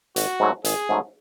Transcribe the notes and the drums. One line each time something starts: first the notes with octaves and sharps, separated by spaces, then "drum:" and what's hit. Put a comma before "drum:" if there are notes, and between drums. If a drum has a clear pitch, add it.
G#1 F#4, drum: hi-hat
G#2 F#3 A3 C#4
G#1 G#4, drum: hi-hat
G#2 F#3 A3 C#4